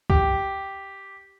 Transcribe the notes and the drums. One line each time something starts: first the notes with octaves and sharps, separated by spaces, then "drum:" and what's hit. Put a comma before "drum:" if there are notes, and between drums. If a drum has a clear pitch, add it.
G4, drum: kick C2